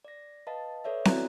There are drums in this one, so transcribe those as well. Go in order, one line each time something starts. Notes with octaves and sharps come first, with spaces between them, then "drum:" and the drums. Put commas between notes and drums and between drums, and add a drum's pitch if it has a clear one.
D5 A#6
B4 D#5 F5 A5
A4 B4 C#5 D5 E5
B3 E4 F#4 D5 A#5 F#6, drum: snare